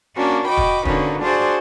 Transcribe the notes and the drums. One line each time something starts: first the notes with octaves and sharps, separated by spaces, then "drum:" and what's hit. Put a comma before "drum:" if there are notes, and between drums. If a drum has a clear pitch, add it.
A#3 C#4 D4 F#4
F#4 D#5 G5 B5 D6
drum: kick
D3 A#3 C#4 D#4 F#4 B4, drum: kick
D4 F4 F#4 G#4 C5 D5